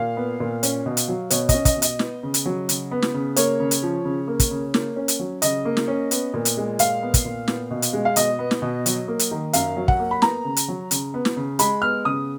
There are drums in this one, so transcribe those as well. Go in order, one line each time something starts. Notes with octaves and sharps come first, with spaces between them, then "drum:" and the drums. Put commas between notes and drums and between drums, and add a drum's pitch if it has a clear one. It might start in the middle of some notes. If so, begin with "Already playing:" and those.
Already playing: A#2 F5
B3
A#2
C#4, drum: hi-hat
B2
drum: hi-hat
F#3
B2 C#5, drum: hi-hat
C#4 D#5, drum: kick, hi-hat
D#5, drum: kick, hi-hat
B2
D#5, drum: hi-hat
B3, drum: snare
C#3
drum: hi-hat
F#3
C#3, drum: hi-hat
B3
drum: snare
C#3
A#3 C#5, drum: hi-hat
C#3
drum: hi-hat
F3
C#3
A#3
drum: kick, hi-hat
C#3
A#3, drum: snare
C#4
drum: hi-hat
F#3
C#3 D#5, drum: hi-hat
A#3
drum: snare
C#4
B3, drum: hi-hat
A#2
drum: hi-hat
G#3
A#2 F5, drum: hi-hat
B3
drum: kick, hi-hat
A#2
B3, drum: snare
B2
drum: hi-hat
G#3
F5
B2 D#5, drum: hi-hat
B3
drum: snare
B2
F#3, drum: hi-hat
A#3
drum: hi-hat
D#3
F#2 F5, drum: hi-hat
F#3
F#5, drum: kick
A#3
B5
B3 A#5, drum: snare
C#3
drum: hi-hat
F#3
C#3, drum: hi-hat
B3
drum: snare
C#3
G#3 B5, drum: hi-hat
B3 F6
C#3 D#6